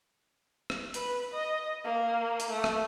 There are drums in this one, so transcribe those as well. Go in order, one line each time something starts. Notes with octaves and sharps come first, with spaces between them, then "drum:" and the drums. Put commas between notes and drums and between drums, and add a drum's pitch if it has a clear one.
drum: rim click
B4, drum: hi-hat
D#5
A#3
drum: hi-hat
A3
drum: rim click